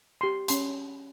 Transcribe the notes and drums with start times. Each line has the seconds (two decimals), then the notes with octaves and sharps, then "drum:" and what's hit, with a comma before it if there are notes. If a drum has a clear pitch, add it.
0.21 G4 C6
0.48 C#4 C6, drum: hi-hat